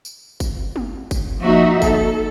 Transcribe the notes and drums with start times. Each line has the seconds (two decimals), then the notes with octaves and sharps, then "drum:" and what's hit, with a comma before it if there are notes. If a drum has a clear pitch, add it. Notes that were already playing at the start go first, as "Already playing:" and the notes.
0.05 drum: tambourine
0.40 drum: kick G1, tambourine
0.76 drum: tom
1.11 drum: kick G1, tambourine
1.40 F3 A#3 D#4 F#4 E5
1.82 A4, drum: kick G1, tambourine